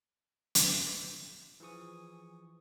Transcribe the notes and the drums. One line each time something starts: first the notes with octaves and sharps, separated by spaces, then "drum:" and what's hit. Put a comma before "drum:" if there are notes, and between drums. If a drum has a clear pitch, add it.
drum: hi-hat
E3 F3 G#4 C#6 D#6